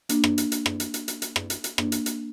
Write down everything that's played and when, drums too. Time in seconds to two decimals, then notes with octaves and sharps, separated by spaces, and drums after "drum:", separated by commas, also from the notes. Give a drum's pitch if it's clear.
0.09 A#3 D4, drum: hi-hat
0.24 drum: rim click
0.38 drum: hi-hat
0.52 drum: hi-hat
0.66 drum: rim click
0.80 drum: hi-hat
0.94 drum: hi-hat
1.08 drum: hi-hat
1.22 drum: hi-hat
1.36 drum: rim click
1.50 drum: hi-hat
1.64 drum: hi-hat
1.78 A#3 D4, drum: rim click
1.92 drum: hi-hat
2.06 drum: hi-hat